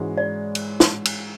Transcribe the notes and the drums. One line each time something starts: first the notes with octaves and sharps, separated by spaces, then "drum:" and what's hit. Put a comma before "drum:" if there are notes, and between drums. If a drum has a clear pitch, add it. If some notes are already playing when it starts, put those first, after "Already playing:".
Already playing: G#2 E3 G#3 C#4 F#4
D5
drum: cymbal
drum: snare
drum: cymbal